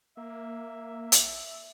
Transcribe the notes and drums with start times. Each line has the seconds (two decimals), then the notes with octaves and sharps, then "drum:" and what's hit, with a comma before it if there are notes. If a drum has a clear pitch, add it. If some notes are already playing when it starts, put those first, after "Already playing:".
0.17 A#3 E5
1.12 drum: hi-hat